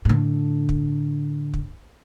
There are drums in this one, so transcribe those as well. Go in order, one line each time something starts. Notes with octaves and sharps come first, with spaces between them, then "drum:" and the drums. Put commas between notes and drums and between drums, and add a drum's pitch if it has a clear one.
A2 D3
drum: kick
drum: kick